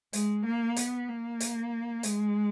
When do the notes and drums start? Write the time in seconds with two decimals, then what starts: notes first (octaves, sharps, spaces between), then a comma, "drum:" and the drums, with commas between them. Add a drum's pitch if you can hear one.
0.13 G#3, drum: hi-hat
0.46 A#3
0.76 B3, drum: hi-hat
1.08 A#3
1.40 drum: hi-hat
2.03 G#3, drum: hi-hat